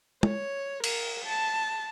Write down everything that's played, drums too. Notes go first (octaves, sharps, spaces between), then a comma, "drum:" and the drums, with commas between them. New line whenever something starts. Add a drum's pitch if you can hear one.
C#5, drum: tom
A#4, drum: cymbal
A5